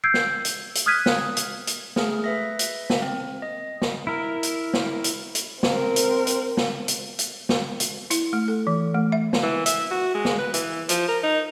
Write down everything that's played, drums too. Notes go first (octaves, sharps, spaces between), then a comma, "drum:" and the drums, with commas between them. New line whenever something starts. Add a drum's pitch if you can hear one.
E6 G6 G#6 C7 D7
drum: snare
drum: hi-hat
drum: hi-hat
D#6 F6 F#6 G#6 B6 D#7
drum: snare
drum: hi-hat
drum: hi-hat
A3 G#4 F6, drum: snare
B4 E5 A#6
drum: hi-hat
drum: snare
C4
D#5
drum: snare
E4 A#4
drum: hi-hat
drum: snare
drum: hi-hat
drum: hi-hat
C4 A#4, drum: snare
drum: hi-hat
drum: hi-hat
drum: snare
drum: hi-hat
drum: hi-hat
drum: snare
drum: hi-hat
E4, drum: hi-hat
A3
A4
E3
A3
E5
drum: snare
E3
E5, drum: hi-hat
F#4
G#3
drum: snare
B4
E3, drum: hi-hat
F3, drum: hi-hat
A#4
D#4